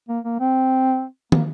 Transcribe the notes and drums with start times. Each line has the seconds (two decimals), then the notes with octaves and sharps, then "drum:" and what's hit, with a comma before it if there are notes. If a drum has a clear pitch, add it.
0.08 A#3
0.24 A#3
0.40 C4
1.32 A#3, drum: tom